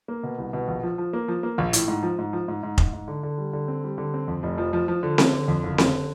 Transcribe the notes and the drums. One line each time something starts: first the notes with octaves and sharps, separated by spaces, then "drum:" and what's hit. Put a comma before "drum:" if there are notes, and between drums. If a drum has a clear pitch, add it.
A#3
B2
C2
B2
A#1
F3
F3
A#3
F3
A#3
A#1
A2, drum: hi-hat
G#2
F3
G#2
F3
G#2
G#2
G#2, drum: kick F1
G#2
D3
D3
G3
D3
C4
G3
D3
C4
F2
F1
F3
F3
F3
D3
D3, drum: snare C4
D3
F2
F#1
D3, drum: snare C4